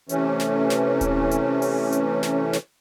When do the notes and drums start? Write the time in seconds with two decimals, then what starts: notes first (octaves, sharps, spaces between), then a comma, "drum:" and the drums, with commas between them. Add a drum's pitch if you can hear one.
0.09 C3 E3 A3 C#4, drum: hi-hat
0.40 drum: snare
0.70 drum: snare
1.01 drum: kick D#1, hi-hat
1.31 drum: hi-hat
1.62 drum: open hi-hat
1.92 drum: hi-hat
2.23 drum: snare
2.53 drum: snare